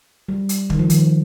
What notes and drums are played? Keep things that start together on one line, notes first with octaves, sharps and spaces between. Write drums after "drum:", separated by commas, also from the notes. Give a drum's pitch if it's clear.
G3
drum: hi-hat
D#3, drum: kick
F3
D#3, drum: hi-hat